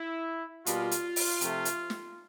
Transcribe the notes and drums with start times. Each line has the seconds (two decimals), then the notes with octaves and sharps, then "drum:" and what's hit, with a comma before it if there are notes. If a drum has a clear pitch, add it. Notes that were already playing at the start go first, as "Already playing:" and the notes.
Already playing: E4
0.66 B2 G3 A#3 F4, drum: hi-hat
0.91 drum: hi-hat
1.16 drum: open hi-hat
1.41 C3 F3 A3, drum: hi-hat
1.65 drum: hi-hat
1.90 drum: snare